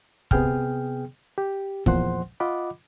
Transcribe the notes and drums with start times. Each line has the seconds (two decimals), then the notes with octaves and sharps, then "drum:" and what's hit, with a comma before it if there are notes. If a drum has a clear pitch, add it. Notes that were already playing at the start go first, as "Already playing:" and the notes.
0.31 C3 B3 G#4 G5 F6, drum: kick
1.38 G4
1.86 E2 A#2 F3 C5 F#5 C6, drum: kick
2.40 F4 D#5 F#5 B5 D6